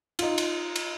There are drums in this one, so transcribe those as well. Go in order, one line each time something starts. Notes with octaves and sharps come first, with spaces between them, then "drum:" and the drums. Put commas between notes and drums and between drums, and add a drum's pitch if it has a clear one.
D#4 F4, drum: cymbal
drum: cymbal
drum: cymbal